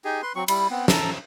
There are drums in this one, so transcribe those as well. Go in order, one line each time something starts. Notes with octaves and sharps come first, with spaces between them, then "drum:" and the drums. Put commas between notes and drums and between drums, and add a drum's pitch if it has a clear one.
D#4 G4 G#4
B4 C6
F#3 C4 C#6
G3 E4, drum: cymbal
B3 C4
A4 A#5, drum: snare